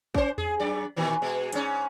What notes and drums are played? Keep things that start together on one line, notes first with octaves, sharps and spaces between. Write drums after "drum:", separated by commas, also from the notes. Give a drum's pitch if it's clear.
C#4 C5, drum: kick
G#4, drum: tom E2
F#2 D5
A#2 D#3 E3
B2 G#3
G#2 C#4, drum: hi-hat